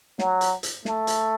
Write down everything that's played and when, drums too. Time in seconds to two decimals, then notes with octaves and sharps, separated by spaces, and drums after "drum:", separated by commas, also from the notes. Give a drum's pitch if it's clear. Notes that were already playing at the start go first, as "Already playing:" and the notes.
0.19 F#3, drum: snare
0.41 drum: hi-hat
0.63 drum: hi-hat
0.85 A3, drum: snare
1.07 drum: hi-hat